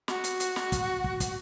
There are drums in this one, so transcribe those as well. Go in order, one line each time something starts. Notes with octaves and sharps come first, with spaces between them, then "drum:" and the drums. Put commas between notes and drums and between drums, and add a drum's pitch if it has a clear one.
F#4, drum: snare
drum: hi-hat
drum: hi-hat
drum: snare
drum: kick, hi-hat
drum: kick
drum: kick, hi-hat